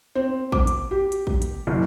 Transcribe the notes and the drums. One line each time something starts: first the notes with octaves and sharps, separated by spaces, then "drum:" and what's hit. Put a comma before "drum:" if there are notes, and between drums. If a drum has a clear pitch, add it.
C4
D6, drum: kick
drum: hi-hat
G4
drum: hi-hat
drum: kick
drum: hi-hat
F#1